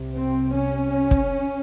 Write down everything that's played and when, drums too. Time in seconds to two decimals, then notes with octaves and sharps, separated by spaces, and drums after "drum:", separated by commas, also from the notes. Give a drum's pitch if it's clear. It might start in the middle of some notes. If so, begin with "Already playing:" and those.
Already playing: C2 C3
0.15 C4
0.56 C#4
1.11 drum: kick